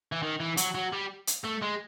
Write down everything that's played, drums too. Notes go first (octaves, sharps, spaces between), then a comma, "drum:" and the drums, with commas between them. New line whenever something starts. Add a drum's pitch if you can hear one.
E3
D#3
E3
F#3, drum: hi-hat
F#3
G3
drum: hi-hat
A3
G#3